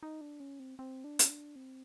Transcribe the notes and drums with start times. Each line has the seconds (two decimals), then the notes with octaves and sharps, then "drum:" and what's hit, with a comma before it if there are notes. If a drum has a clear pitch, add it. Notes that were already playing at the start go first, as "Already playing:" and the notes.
0.03 D#4
0.21 D4
0.40 C#4
0.60 C4
0.79 C4
1.04 D4
1.19 C#4, drum: hi-hat
1.30 D4
1.56 C4